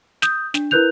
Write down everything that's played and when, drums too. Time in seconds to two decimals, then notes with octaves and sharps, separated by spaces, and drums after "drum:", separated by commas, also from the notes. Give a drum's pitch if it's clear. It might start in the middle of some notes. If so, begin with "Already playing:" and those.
0.22 D#6 G6, drum: snare
0.54 D4, drum: snare
0.71 E4 A#4 B4 F#6 G6 F7